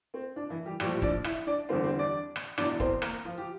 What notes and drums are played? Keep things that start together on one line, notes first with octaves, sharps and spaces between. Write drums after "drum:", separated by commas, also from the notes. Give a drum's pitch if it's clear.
C4
D4
E3 E4
G3 G4
A#1 A2 F3 G3 G4, drum: rim click
D4 D5, drum: kick
E4 E5, drum: rim click
D4 D5
E2 D3 G3 C4 C5
C4 C5
D4 D5
drum: rim click
E1 E2 E3 D4 D5, drum: rim click
C4 C5, drum: kick
A#3 A#4, drum: rim click
F3 F4
G4